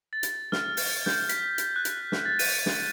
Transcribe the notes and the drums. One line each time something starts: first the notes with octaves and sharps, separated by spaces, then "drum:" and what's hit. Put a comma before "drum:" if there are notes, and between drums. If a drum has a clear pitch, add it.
A6
drum: hi-hat
F6, drum: snare
drum: open hi-hat
G6, drum: snare
B6, drum: hi-hat
drum: hi-hat
F#6
drum: hi-hat
drum: snare
A6
D#7, drum: open hi-hat
drum: snare